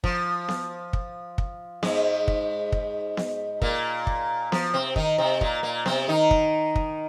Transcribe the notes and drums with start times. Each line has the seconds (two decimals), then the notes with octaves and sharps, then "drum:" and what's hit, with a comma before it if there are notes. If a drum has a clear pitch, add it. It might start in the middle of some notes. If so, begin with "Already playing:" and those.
0.04 F3, drum: kick
0.48 drum: snare B3
0.93 drum: kick
1.38 drum: kick
1.83 G#2 G#3, drum: snare B3
2.28 drum: kick
2.72 drum: kick
3.17 drum: snare B3
3.62 A#2 A#3, drum: kick
4.07 drum: kick
4.52 F3, drum: snare B3
4.73 C3 C4
4.96 D#3 D#4, drum: kick
5.18 C3 C4
5.41 A#2 A#3, drum: kick
5.63 A#2 A#3
5.86 C3 C4, drum: snare B3
6.08 D#3 D#4
6.31 drum: kick
6.76 drum: kick